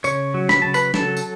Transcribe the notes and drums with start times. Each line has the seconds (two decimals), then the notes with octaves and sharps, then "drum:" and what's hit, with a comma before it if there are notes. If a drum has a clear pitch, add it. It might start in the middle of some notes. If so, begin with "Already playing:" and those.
0.04 C#3 C#5 C#6, drum: tambourine
0.34 F#3
0.49 B5, drum: snare
0.62 C#3 A5
0.74 B4 B5, drum: tambourine
0.94 F#3 A4 A5, drum: snare
1.17 drum: tambourine